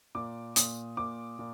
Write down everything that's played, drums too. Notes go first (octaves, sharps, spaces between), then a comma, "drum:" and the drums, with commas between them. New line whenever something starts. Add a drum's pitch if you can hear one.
A#2 D6
A#2 D#6, drum: hi-hat
A#2 D6
A#2